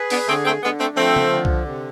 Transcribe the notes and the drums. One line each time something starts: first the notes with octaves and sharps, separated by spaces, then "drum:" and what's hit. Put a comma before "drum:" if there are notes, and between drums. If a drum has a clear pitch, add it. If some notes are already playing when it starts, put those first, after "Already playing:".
Already playing: G#4 B4
B3 D4, drum: open hi-hat
D3 A3 C4
A3 C4
D3 G#3 B3
A3 C4
F3 A3 C4
drum: tom C#3
D3
drum: kick C2
C3